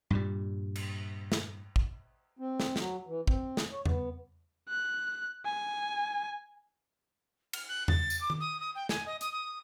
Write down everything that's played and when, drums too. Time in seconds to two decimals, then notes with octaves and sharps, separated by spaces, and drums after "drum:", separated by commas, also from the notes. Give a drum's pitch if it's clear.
0.10 G2 A#2 G3
0.76 drum: cymbal
1.32 drum: snare
1.76 drum: kick A1
2.39 C4
2.60 drum: snare
2.76 F#3, drum: snare
3.07 E3
3.27 C4, drum: kick A1
3.57 drum: snare
3.72 C#5
3.86 B3, drum: tom E2
4.69 F#6
5.46 G#5
7.53 F6, drum: cymbal
7.68 F#6
7.88 A6, drum: tom E2
8.10 drum: tambourine
8.21 D6
8.30 drum: tom D#3
8.40 D#6
8.60 D#6
8.75 G5
8.89 G#5, drum: snare
9.06 D#5
9.21 D#6, drum: hi-hat
9.32 D#6